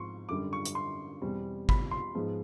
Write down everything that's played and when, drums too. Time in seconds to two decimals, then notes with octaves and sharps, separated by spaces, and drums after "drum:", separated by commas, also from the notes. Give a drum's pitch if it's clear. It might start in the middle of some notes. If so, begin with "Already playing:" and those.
Already playing: G#2 F3 C4 C6 C#6
0.29 F#2 D3 G3 D6
0.53 C#6
0.65 drum: hi-hat
0.75 C6
1.22 E2 B2 G3 C4
1.69 B5, drum: kick G#1
1.91 C6
2.15 G#2 F3 G#3 B3